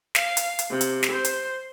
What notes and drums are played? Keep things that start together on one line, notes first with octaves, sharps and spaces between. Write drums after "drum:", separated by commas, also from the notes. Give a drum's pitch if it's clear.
F5, drum: snare
drum: hi-hat
drum: hi-hat
C3
drum: hi-hat
drum: snare
C5
drum: hi-hat